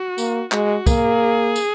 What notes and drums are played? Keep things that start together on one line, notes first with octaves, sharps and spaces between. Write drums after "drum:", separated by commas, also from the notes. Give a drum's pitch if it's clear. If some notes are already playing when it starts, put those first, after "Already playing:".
Already playing: F#4
A#3, drum: tambourine
G#3 F#4, drum: clap
A#3 G#4, drum: kick, tambourine
drum: tambourine